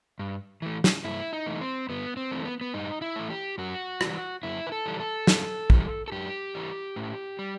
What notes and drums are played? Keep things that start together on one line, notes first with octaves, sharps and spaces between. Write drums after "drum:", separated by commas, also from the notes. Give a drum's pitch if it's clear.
G2
E3 A3
drum: snare
G2 E4
D#4
E3 A3
C4
G2 B3
C4
E3 A3
B3
B3
G2 D#4
E4
E3 A3
G4
F#2 F#4
E3 G3, drum: rim click
F#2 E4
B4
A4
E3 G3
A4
F#2, drum: snare
E3 G3, drum: kick
A4
F#2 G4
E3 G3
A2
G3